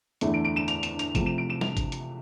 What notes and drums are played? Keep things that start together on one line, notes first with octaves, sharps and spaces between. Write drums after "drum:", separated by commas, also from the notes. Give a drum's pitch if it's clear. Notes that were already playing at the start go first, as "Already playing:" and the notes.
E2 D3 A3 E4, drum: hi-hat
D7
D7
E7
F7, drum: hi-hat
E7, drum: hi-hat
F7, drum: hi-hat
C3 F3 A3 E7, drum: kick G#1, hi-hat
E7
D7
E7
F7, drum: snare
drum: kick G#1, hi-hat
drum: hi-hat